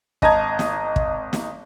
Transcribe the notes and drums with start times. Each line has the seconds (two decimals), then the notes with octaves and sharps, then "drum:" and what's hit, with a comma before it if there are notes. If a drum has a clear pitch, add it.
0.22 G#1 D#5 A5 A#5 G#6, drum: kick
0.59 drum: snare
0.96 drum: kick
1.33 drum: snare